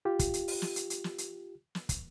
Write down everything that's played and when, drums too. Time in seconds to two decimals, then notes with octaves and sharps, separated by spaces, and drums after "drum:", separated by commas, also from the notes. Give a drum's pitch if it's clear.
0.05 F4 G4
0.19 drum: kick, hi-hat
0.34 drum: hi-hat
0.48 drum: open hi-hat
0.62 drum: snare
0.76 drum: hi-hat
0.90 drum: hi-hat
1.04 drum: snare
1.18 drum: hi-hat
1.75 drum: snare
1.89 drum: kick, hi-hat